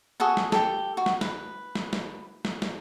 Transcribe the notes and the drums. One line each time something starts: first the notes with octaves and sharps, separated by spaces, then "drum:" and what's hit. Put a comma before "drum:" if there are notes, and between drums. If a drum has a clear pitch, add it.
F#4 G#4 A4 F#5
drum: snare
G4 A4, drum: snare
F#4
drum: snare
B4, drum: snare
drum: snare
drum: snare
drum: snare
drum: snare